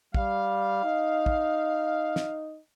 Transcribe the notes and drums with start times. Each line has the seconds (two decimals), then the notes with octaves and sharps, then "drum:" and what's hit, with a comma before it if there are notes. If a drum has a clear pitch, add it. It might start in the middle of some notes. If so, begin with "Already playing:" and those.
0.14 G3 F5, drum: kick
0.84 D#4
1.26 drum: kick
2.16 drum: snare